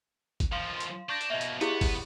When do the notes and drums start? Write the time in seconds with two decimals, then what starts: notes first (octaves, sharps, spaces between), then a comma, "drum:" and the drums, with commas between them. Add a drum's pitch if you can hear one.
0.40 drum: kick, hi-hat
0.52 D#3 F3 F5 C6
0.80 drum: hi-hat
1.09 D4 C#6 G6 A#6
1.21 drum: hi-hat
1.30 B2 A#3 D#5 E5
1.41 drum: hi-hat
1.61 B3 E4 G4 G#4, drum: hi-hat
1.81 drum: kick, open hi-hat